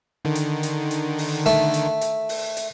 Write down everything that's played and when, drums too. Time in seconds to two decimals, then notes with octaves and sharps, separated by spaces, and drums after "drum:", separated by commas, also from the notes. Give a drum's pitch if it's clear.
0.25 D3 D#3
0.35 drum: hi-hat
0.63 drum: hi-hat
0.91 drum: hi-hat
1.18 drum: open hi-hat
1.46 A3, drum: hi-hat
1.74 drum: hi-hat
2.01 drum: hi-hat
2.29 drum: open hi-hat
2.57 drum: hi-hat